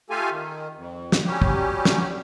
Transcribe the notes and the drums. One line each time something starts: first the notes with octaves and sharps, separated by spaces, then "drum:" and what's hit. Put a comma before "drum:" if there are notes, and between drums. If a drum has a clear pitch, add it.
A3 F4 G4 A4 F5 G#5
D#3
F2
drum: snare
F#3 G3 C#4 G4
drum: kick
drum: snare